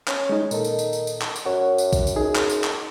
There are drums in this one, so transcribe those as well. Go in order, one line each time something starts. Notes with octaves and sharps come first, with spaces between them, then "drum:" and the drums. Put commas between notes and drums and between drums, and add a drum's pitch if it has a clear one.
C#4, drum: clap
G#3 D#4
A#2 D#3 A4, drum: tambourine
drum: tambourine
drum: tambourine
drum: tambourine
drum: tambourine
drum: clap
drum: tambourine
F#2 C#5 F#5
drum: tambourine
drum: kick A#1, tambourine
drum: tambourine
D#4 G#4
drum: clap
drum: tambourine
drum: clap